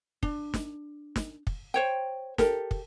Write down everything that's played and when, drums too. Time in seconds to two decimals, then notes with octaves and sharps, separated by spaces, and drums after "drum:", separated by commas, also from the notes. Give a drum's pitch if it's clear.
0.23 D4, drum: kick
0.54 drum: snare
1.16 drum: snare
1.47 drum: kick
1.74 C5 C#5 G5
2.38 G4 A4 A#4, drum: snare
2.71 drum: kick